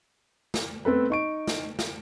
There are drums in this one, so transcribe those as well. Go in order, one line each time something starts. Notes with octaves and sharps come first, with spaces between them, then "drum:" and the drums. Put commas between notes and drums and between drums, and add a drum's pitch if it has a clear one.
drum: snare
A3 B3 C4 A4 B4
D#4 C#6 D7
drum: snare
drum: snare